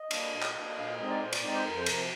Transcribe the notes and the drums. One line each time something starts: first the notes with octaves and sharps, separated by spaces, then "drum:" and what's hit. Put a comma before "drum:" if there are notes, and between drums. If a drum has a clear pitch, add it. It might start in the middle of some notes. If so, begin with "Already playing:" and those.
Already playing: D#5
G3 A#3 D4, drum: cymbal
A#2
drum: clap
G3 A#3 D4
A#2 F5
D#5
G#3 C4 D#4 D#5
D5
A#2 C5
D5, drum: cymbal
G#3 C4 D#4 D5
C5
F2 A#4
C5
C3 F3 A#4, drum: cymbal